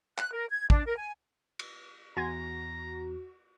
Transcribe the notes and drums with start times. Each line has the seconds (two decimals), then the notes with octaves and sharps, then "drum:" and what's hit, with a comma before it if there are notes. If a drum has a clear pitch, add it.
0.18 F#6, drum: clap
0.33 A#4
0.49 G#6
0.70 D4, drum: kick
0.85 A#4
0.97 G#5
1.59 drum: cymbal
2.17 E2 F#4 G#5 A#5 C6 G#6